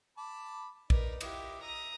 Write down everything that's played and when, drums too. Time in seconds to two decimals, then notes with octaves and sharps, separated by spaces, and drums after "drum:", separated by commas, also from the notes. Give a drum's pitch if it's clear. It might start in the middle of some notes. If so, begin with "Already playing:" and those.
0.18 A5 B5 D6
0.90 D#4 A#4 B4 D5, drum: kick A#1
1.21 E4 F4 G4 D#5 D6, drum: cymbal
1.62 D#5 E5 A#5 D#6